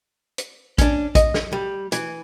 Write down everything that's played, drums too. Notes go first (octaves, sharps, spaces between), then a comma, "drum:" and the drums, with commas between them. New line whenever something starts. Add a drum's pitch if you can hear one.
drum: hi-hat
C#4 D4, drum: kick, hi-hat
D#5, drum: kick, hi-hat
drum: snare
G3
E3, drum: hi-hat